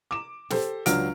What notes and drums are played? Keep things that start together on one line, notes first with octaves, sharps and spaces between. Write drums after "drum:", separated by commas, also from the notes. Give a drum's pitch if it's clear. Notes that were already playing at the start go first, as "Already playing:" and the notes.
D6 E7
G4 A4 C5, drum: snare
C#2 F#3 D4 F6 D7, drum: hi-hat